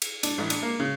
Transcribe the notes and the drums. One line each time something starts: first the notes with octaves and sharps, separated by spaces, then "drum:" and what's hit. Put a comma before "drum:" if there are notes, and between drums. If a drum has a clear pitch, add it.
drum: cymbal
D4, drum: cymbal
A1
D4, drum: cymbal
A#3
C#3